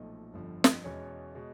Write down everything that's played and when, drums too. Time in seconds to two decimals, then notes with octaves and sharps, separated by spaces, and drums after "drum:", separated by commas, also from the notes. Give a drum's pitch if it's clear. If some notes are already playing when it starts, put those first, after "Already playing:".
Already playing: B1 A#2 F3 A3 D#5
0.33 G1 F2 D3 F3
0.64 drum: snare
0.84 E2 B2 G#3 C#4 C#5
1.35 B2 G#3